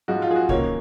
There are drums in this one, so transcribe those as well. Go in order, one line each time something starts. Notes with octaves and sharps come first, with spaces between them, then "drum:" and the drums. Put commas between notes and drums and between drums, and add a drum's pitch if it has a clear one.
G#2 F3 G#3 F#4
F4
G#4
F#4
F#2 D#3 A#3 C#5, drum: kick C2